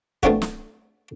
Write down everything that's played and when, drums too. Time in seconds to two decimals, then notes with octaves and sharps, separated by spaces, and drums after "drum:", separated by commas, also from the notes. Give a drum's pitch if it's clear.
0.23 A3 B3 C4 D4 F4 F#4, drum: kick
0.42 drum: snare